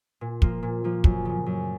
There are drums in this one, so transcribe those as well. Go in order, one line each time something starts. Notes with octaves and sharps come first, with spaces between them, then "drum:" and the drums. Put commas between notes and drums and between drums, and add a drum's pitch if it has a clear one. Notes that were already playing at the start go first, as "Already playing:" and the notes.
A#2
F3 A#3 F4, drum: kick
A#2
F3 A#3 F4
F#2, drum: kick
C#3 F3
F#2